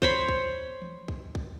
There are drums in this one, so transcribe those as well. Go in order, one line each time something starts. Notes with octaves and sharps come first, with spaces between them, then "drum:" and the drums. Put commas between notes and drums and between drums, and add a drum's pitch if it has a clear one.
C5 C#5 B5, drum: kick
drum: kick
drum: tom E3
drum: kick
drum: kick